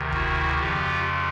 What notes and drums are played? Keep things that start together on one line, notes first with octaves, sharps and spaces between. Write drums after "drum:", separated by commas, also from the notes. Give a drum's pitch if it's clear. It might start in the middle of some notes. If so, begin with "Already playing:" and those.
Already playing: D2 C3 D#3
E4 F#4, drum: kick
F2 C#3 F3 F4 G4